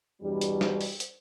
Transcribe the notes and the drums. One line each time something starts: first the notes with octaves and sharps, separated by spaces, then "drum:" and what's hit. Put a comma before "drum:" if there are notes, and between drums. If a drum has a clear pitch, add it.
E2 G2 B2 F#3 G3
drum: hi-hat
drum: snare
drum: open hi-hat
drum: hi-hat